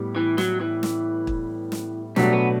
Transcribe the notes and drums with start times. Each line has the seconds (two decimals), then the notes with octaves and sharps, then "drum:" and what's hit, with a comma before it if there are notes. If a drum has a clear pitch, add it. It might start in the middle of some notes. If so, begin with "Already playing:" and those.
Already playing: A2 G3 B3 E4 G4
0.16 E3
0.38 F#3, drum: snare
0.61 E3
0.83 drum: snare
1.27 drum: kick
1.72 drum: snare
2.16 B2 F#3 G3 A3 D4 F#4, drum: snare
2.33 B3